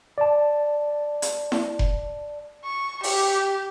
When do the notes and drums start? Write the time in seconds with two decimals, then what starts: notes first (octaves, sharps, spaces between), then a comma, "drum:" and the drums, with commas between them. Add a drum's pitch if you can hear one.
0.18 D5 A5
1.22 drum: hi-hat
1.52 drum: snare E4
1.79 drum: kick F1
2.65 C#6
3.03 G4, drum: open hi-hat